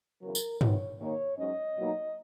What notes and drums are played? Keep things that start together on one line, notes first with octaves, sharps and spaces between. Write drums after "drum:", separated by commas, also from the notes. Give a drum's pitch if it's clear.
E2 C#3 F#3 A#4
drum: tambourine
E2 D#3 F#3 B3 C#5, drum: tom
D#2 D#3 A#3 D#4 C#5
G#2 F#3 C#4 D#5
B2 F#3 A#3 D#4